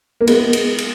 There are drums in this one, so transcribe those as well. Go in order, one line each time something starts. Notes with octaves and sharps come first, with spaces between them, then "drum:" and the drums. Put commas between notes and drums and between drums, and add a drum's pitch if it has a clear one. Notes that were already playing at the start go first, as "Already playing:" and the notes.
A#3
G#3 B3, drum: cymbal
drum: cymbal
drum: cymbal